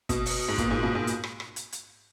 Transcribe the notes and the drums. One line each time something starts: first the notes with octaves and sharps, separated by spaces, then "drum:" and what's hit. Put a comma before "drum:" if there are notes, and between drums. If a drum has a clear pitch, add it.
B2, drum: kick, hi-hat
drum: open hi-hat
G#2
A#2, drum: kick, hi-hat
G#2
B2
G#2
drum: hi-hat
drum: rim click
drum: rim click
drum: hi-hat
drum: hi-hat